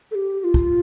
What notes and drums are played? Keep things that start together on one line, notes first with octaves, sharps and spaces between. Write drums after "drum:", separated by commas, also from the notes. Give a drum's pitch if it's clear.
A4
G4
G4
F4
drum: kick